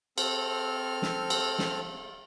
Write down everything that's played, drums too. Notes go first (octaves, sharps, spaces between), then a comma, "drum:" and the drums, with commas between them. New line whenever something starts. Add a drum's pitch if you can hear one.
C4 A4 F6, drum: cymbal
drum: snare
drum: cymbal
drum: snare